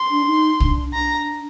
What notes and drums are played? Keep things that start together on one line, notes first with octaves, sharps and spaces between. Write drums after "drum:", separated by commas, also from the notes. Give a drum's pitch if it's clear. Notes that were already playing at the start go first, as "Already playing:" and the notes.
Already playing: C6
D4
D#4
D4, drum: kick
D4 A#5